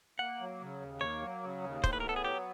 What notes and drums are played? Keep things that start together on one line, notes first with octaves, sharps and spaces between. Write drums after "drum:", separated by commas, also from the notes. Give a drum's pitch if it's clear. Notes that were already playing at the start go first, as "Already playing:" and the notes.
A#3 F#5
F#3
C#3
D#2
A#3 C#5
F#3
C#3
D#2
A2 C5, drum: kick
B4
A#4
B3
A4
G#4
F#3 G4